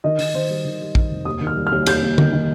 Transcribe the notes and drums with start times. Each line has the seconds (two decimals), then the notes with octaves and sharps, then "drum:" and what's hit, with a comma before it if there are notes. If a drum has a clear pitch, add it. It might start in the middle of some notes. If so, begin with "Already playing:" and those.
0.04 D#3 D#5
0.19 D#3, drum: open hi-hat
0.34 D#3 C5
0.50 G3
0.65 D#3
0.80 G3
0.95 D#3, drum: kick
1.10 F1
1.25 D#2 D#6
1.41 D#3
1.47 F6
1.56 G3
1.67 F6
1.72 D#2
1.86 D#2 G6, drum: cymbal
2.02 D#2
2.18 D#3, drum: tom
2.33 D#3